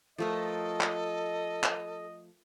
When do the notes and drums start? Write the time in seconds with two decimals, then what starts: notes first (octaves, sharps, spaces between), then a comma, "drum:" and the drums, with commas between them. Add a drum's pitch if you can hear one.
0.18 F3 A3 A4 A#4 D#5
0.81 drum: clap
1.64 drum: clap